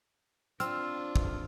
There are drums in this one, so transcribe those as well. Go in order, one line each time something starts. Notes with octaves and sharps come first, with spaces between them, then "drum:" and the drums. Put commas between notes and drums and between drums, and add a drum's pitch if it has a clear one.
C4 D4 F4 E6 F6, drum: hi-hat
drum: kick